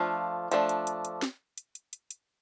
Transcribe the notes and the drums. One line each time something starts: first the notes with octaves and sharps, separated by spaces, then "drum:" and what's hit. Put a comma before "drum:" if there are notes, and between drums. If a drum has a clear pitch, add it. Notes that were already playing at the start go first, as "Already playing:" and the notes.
Already playing: F3 A3 D4 F4
F3 A3 D4, drum: hi-hat
drum: hi-hat
drum: hi-hat
drum: hi-hat
drum: snare
drum: hi-hat
drum: hi-hat
drum: hi-hat
drum: hi-hat